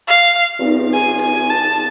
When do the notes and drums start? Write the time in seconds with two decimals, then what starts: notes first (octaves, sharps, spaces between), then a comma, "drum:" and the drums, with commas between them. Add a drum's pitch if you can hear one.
0.08 F5
0.59 drum: cymbal
0.93 G#5
1.21 G#5
1.50 A5